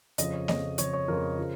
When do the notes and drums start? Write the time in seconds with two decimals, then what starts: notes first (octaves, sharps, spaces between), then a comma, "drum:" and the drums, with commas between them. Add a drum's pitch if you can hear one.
0.18 F2 C#3 F3 D#5, drum: hi-hat
0.33 C#5
0.48 F2 C#3 F3 D#5, drum: snare A#3
0.78 F2 C#3 F3 C#5, drum: hi-hat
0.93 C#5
1.08 F2 C#3 F3 A#4
1.39 C#3 F3